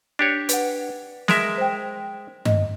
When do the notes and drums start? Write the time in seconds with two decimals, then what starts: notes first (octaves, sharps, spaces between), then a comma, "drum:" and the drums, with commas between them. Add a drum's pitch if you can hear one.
0.19 D4 G4 C#5
0.49 B4 F#5, drum: hi-hat
1.28 G#3 A#4 E5, drum: snare
1.58 C5 G5
2.45 D#5, drum: tom G2